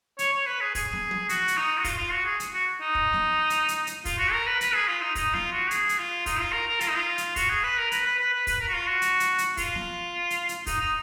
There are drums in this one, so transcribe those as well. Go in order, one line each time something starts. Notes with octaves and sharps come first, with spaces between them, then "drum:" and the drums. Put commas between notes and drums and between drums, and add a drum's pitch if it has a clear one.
C#5, drum: hi-hat
C#5
B4
G#4
G#4, drum: kick, open hi-hat
drum: snare
drum: tom
F#4, drum: hi-hat
drum: hi-hat
D#4
F#4
F4, drum: kick, open hi-hat
F4
F#4
G#4
drum: hi-hat
F#4
D#4
drum: kick
drum: snare
drum: hi-hat
drum: hi-hat
drum: hi-hat
F4, drum: kick, open hi-hat
F#4
A#4
B4
B4, drum: hi-hat
G#4
F4
D#4
D#4, drum: kick, open hi-hat
F4, drum: snare
F#4
G#4, drum: hi-hat
drum: hi-hat
F4
D#4, drum: kick, open hi-hat
F4
A#4
A#4
F4, drum: hi-hat
D#4
F4
drum: hi-hat
F#4, drum: kick, open hi-hat
G#4
B4
A#4
B4, drum: hi-hat
B4
B4
B4
B4, drum: kick, open hi-hat
A#4
F#4
F4
F#4
drum: hi-hat
drum: hi-hat
drum: hi-hat
F4, drum: kick, open hi-hat
drum: snare
drum: hi-hat
drum: hi-hat
D#4, drum: kick, open hi-hat
D#4